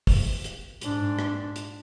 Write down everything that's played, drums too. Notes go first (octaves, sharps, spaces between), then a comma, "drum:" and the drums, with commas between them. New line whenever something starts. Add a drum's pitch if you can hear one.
drum: kick, open hi-hat
drum: hi-hat
G#2 D4, drum: hi-hat
drum: rim click
drum: hi-hat